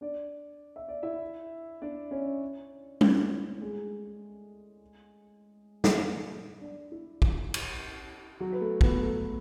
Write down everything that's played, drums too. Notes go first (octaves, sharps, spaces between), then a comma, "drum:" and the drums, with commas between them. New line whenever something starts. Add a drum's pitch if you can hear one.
D4 D5
E5
D5
E4 E5
D4 D5
C#4 C#5
A3 A4, drum: tom G3
E4
G#3 G#4
drum: snare
D4
E4
drum: kick
drum: cymbal
F#3 F#4
B4
A3 A4
B3 B4, drum: kick
A3 A4